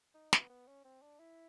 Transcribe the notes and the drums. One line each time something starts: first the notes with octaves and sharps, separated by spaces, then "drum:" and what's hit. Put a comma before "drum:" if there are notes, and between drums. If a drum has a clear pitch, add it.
D#4
B3, drum: snare
B3
C#4
C4
D4
E4